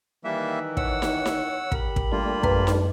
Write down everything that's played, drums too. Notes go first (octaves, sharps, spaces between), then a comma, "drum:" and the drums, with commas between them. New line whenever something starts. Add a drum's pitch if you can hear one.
D#3 E3 G3 A#3 E5
C#5 F#5 E6, drum: kick
drum: snare D#4
drum: snare D#4
G4 A#4 B5, drum: kick
drum: kick
G3 A3 A#3 D4 F4
F#2 B4, drum: kick
drum: snare D#4